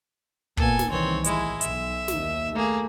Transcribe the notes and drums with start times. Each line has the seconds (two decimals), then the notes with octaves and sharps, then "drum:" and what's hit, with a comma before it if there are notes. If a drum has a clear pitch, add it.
0.57 A#2 A#3 B3 A4 G#5, drum: kick
0.79 drum: snare
0.90 C2 D#3 E3 C4 C#5
1.24 A1 G#3 E4, drum: hi-hat
1.61 B1 E5, drum: hi-hat
2.08 D#2, drum: snare
2.55 A3 A#3 G#4